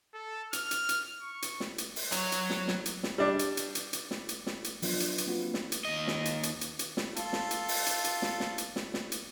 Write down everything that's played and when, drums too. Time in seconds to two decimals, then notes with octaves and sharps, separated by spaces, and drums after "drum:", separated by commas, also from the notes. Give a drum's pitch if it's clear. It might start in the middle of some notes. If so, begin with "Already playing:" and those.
0.14 A4
0.53 F6, drum: hi-hat
0.71 drum: hi-hat
0.89 drum: hi-hat
1.21 C#6
1.42 drum: hi-hat
1.60 drum: snare
1.78 drum: hi-hat
1.96 drum: open hi-hat
2.12 F#3 C#5, drum: hi-hat
2.32 drum: hi-hat
2.50 drum: snare
2.68 drum: snare
2.86 drum: hi-hat
3.03 drum: snare
3.18 G3 D4
3.39 drum: hi-hat
3.57 drum: hi-hat
3.75 drum: hi-hat
3.93 drum: hi-hat
4.11 drum: snare
4.29 drum: hi-hat
4.47 drum: snare
4.64 drum: hi-hat
4.82 F3 F#3 B3 D4, drum: open hi-hat
5.00 drum: hi-hat
5.18 drum: hi-hat
5.27 A#3 C4 F4 F#4 B4
5.54 drum: snare
5.72 drum: hi-hat
5.85 D#2 D#5
6.08 drum: snare
6.25 drum: hi-hat
6.43 drum: hi-hat
6.61 drum: hi-hat
6.79 drum: hi-hat
6.97 drum: snare
7.16 F4 A4, drum: hi-hat
7.33 drum: snare
7.51 drum: hi-hat
7.69 drum: open hi-hat
7.86 drum: hi-hat
8.04 drum: hi-hat
8.22 drum: snare
8.40 drum: snare
8.58 drum: hi-hat
8.76 drum: snare
8.94 drum: snare
9.12 drum: hi-hat